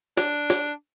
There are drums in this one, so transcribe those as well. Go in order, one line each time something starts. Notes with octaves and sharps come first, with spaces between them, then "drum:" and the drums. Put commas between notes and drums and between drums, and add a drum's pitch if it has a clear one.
D4, drum: snare
drum: tambourine
drum: snare
drum: tambourine